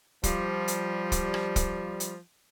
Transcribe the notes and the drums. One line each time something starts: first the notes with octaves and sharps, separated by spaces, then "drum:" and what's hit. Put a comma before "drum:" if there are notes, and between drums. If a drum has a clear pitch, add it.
F3 G3, drum: kick, hi-hat
drum: hi-hat
drum: kick, hi-hat
drum: rim click
drum: kick, hi-hat
drum: hi-hat